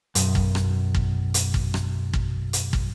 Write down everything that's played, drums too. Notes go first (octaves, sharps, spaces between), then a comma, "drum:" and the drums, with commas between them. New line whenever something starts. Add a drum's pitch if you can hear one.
B1 F#2, drum: hi-hat
drum: kick
drum: rim click
drum: kick
drum: hi-hat
drum: kick
drum: rim click
drum: kick
drum: hi-hat
drum: kick